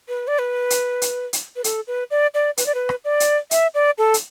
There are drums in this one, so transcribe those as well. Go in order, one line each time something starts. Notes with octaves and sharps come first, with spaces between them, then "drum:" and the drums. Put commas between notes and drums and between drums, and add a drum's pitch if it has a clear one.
B4
D5
B4
drum: hi-hat
drum: hi-hat
drum: hi-hat
B4
A4, drum: hi-hat
B4
D5
D5
B4, drum: hi-hat
D5
B4
drum: rim click
D5
drum: hi-hat
E5, drum: hi-hat
D5
A4
drum: hi-hat